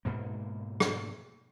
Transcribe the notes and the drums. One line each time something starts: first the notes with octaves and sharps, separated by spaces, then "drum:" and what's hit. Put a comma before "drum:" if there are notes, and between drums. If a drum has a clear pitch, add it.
G#2 B2 A#3
drum: rim click